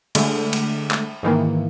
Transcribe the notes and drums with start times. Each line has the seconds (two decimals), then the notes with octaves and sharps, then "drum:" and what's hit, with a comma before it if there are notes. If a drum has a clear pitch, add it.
0.15 D3 G#3 A3, drum: cymbal
0.53 drum: cymbal
0.91 drum: clap
1.23 G#2 D#3 E3 A#3